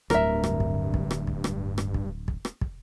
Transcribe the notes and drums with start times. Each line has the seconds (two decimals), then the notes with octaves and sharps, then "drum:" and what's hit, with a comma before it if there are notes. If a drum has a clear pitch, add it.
0.10 D1 D2 G2 A#4 E5, drum: rim click
0.44 drum: rim click
0.60 drum: kick
0.94 drum: kick
1.11 drum: rim click
1.27 drum: kick
1.44 drum: rim click
1.78 drum: rim click
1.94 drum: kick
2.28 drum: kick
2.45 drum: rim click
2.61 drum: kick